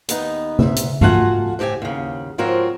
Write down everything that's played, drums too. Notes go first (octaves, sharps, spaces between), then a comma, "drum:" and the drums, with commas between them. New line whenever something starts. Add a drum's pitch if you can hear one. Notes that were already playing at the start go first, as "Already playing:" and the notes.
D#2 B3 D#4, drum: hi-hat
G#2 E5, drum: tom C#3
drum: hi-hat
A3 F4 F#4 F#5 G#5, drum: tom G#2
A2 C4 G4 G5 G#5
D#2 C#3
G#2 F3 C4 F#4 A#4 C#5